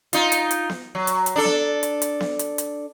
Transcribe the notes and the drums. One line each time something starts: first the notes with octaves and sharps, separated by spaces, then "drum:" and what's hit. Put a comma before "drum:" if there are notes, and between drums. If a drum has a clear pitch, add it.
D#4 F4, drum: hi-hat
drum: hi-hat
drum: hi-hat
drum: snare B3
F#3
drum: hi-hat
drum: hi-hat
D4 A4
drum: snare B3
drum: hi-hat
drum: hi-hat
drum: snare B3
drum: hi-hat
drum: hi-hat